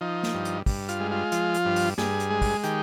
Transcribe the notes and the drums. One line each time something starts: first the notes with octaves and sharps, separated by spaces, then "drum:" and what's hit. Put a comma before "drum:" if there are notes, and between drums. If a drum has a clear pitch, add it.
F3 D#4
drum: snare
G2
drum: hi-hat
G2, drum: kick, open hi-hat
F4, drum: hi-hat
G#3
F4
F3, drum: hi-hat
drum: hi-hat
G2
drum: open hi-hat
G2 G#4, drum: snare
drum: hi-hat
G#3
drum: kick, open hi-hat
D#3 G4, drum: hi-hat